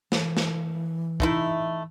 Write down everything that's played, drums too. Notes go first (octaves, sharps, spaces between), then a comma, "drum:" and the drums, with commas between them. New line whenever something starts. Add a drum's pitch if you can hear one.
E3, drum: snare
drum: snare
A3 D#4 E4, drum: kick